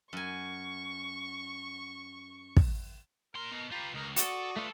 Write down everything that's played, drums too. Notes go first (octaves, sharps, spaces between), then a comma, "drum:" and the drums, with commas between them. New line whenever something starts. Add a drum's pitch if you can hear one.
F#2 G#5 C#6
drum: kick
A#2 A#4 C6
B2
F4 G4 B4 A#5
C#2 A#4 D#5
F#4 A4 D5 C#6 D#6, drum: hi-hat
G3 A3 F4 A4 B4